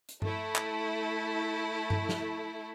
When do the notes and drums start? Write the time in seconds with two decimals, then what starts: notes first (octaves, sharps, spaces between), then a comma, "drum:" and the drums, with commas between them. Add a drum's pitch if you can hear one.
0.09 drum: hi-hat
0.22 A3 E4, drum: tom G2
0.55 drum: clap
1.90 drum: tom G2
2.09 drum: snare